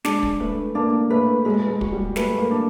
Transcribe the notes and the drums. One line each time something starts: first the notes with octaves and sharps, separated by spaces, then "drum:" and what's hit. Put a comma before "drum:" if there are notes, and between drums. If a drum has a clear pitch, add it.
G#3 D4, drum: snare
drum: kick
A3 B4
A#3 D4
A3 B4
G#3 B4
G#3
F#4, drum: kick
G3
A3 B4, drum: snare
A#3
D4